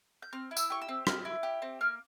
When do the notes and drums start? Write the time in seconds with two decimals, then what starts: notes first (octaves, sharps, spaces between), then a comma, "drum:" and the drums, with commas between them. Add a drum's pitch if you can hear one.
0.22 G6
0.33 C4 F6
0.51 E4
0.57 E6, drum: tambourine
0.70 G4 C#6
0.81 E6
0.89 C4
1.07 C4 F6, drum: rim click
1.25 E4
1.43 G4
1.62 C4
1.81 A#3 F6